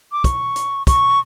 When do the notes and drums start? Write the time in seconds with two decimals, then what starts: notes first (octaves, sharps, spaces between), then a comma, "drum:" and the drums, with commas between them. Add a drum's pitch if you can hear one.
0.12 D6
0.24 C#6, drum: kick, hi-hat
0.56 drum: hi-hat
0.87 C#6, drum: kick, hi-hat